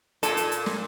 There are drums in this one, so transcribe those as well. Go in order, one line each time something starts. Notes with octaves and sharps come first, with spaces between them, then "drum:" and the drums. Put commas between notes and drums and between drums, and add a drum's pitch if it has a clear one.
A#2 A4, drum: hi-hat
drum: hi-hat
drum: hi-hat
drum: snare